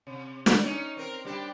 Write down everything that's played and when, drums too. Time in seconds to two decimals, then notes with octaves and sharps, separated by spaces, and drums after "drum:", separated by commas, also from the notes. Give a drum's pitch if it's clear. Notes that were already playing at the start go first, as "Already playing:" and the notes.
0.07 C3
0.46 A#2 D5, drum: snare
0.64 C#4 D#4
0.97 C4 A#4
1.25 G3 D4 G4